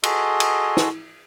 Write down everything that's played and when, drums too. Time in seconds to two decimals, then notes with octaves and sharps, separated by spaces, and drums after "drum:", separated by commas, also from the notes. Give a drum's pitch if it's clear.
0.03 F#4 G#4 A4 D#5 C6, drum: cymbal
0.40 drum: cymbal
0.77 drum: snare